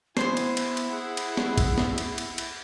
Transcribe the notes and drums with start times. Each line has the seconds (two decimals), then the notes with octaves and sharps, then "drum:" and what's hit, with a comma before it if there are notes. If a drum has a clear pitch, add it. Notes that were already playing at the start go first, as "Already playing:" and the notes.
0.17 B3 E4 C5 G#5 C6, drum: snare
0.37 drum: cymbal
0.57 drum: cymbal
0.77 drum: cymbal
0.91 G#4 F#5
1.17 drum: cymbal
1.37 drum: snare
1.58 drum: kick, cymbal
1.78 drum: snare
1.98 drum: cymbal
2.18 drum: cymbal
2.38 drum: cymbal